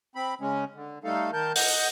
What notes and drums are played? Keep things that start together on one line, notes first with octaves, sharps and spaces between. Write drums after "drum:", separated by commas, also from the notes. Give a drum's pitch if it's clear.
C4 B5
C#3 G#3 C#4
D3
G3 A3 D#4 A4 F5
D#3 A#4 A5 G6
D#5 F#5 G6, drum: open hi-hat